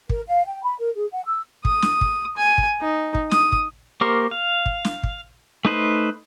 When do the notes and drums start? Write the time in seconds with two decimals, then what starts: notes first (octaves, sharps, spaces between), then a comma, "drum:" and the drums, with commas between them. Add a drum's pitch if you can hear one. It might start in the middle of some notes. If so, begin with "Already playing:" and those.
0.09 A#4, drum: kick
0.28 F5
0.46 G5
0.63 B5
0.79 A#4
0.96 G#4
1.12 F#5
1.26 E6
1.65 D#6, drum: kick
1.82 drum: snare
2.01 drum: kick
2.37 G#5
2.58 drum: kick
2.81 D#4
3.15 drum: kick
3.31 D#6, drum: snare
3.52 drum: kick
4.01 A#3 G4 A#4 C5 C#6
4.31 F5
4.66 drum: kick
4.85 drum: snare
5.03 drum: kick
5.65 A3 D#4 B4 C5